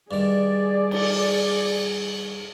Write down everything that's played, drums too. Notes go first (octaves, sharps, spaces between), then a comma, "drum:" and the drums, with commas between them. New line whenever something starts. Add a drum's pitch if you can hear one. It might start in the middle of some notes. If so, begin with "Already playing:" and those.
G2 D#3 G#4 D5
drum: cymbal